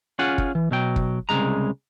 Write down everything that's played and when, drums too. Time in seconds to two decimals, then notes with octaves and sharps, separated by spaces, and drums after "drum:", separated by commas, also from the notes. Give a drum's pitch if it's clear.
0.19 C#4 F4 G#4 F#5
0.38 drum: kick
0.55 E3
0.71 B2 F#3 G5
0.96 drum: kick
1.29 C2 F2 C#3 G#3 A#5